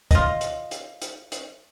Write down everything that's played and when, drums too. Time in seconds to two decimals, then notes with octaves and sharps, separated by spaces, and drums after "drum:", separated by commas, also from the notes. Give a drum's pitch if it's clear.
0.11 F4 D#5, drum: kick, hi-hat
0.41 drum: hi-hat
0.71 drum: hi-hat
1.02 drum: hi-hat
1.32 drum: hi-hat